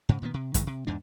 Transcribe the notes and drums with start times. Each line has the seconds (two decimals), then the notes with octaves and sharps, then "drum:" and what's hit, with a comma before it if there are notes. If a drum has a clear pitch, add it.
0.09 G#2 C#3
0.22 A#2 D#3 G#3 B3
0.34 C3
0.54 G2 D#3 E3 G#3, drum: kick A1, hi-hat
0.67 C3
0.87 E2 G#2 D4